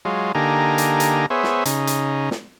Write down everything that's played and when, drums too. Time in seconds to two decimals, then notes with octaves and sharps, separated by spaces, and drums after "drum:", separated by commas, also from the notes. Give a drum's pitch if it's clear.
0.05 F#3 G#3 F4
0.35 D3 A#3 D#4 G4 G#5 A#5
0.78 drum: hi-hat
1.00 drum: hi-hat
1.30 B3 G#4 C5 C#5 E5
1.44 drum: snare
1.65 C#3 D#4, drum: hi-hat
1.87 drum: hi-hat
2.31 drum: snare